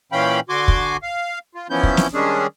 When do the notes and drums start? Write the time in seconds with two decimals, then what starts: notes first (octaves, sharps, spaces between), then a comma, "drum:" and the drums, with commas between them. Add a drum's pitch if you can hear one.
0.12 A#2 E3 C#4 F5 G5 B5
0.49 D3 F#4 G#5 C6 D6
0.68 drum: kick
1.02 F5
1.55 F4
1.70 E3 F3 B3 C#4 E4 G6
1.83 drum: kick
1.97 drum: snare
2.14 D#3 G3 G#3 C#4 D4 G#4